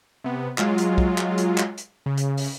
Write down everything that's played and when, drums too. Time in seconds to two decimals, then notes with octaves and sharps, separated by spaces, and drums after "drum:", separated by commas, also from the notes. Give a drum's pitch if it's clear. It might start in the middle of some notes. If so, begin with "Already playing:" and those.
0.24 C3 B3
0.58 F#3 G#3 F4, drum: clap
0.78 drum: hi-hat
0.98 drum: kick
1.18 drum: clap
1.38 drum: hi-hat
1.58 drum: clap
1.78 drum: hi-hat
2.06 C#3
2.18 drum: hi-hat
2.37 drum: open hi-hat